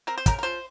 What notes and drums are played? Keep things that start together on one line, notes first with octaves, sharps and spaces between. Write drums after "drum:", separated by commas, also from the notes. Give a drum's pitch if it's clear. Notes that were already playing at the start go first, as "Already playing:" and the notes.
C4 A#4
C5
C#3 A#4, drum: kick, hi-hat
A#4
F3 C5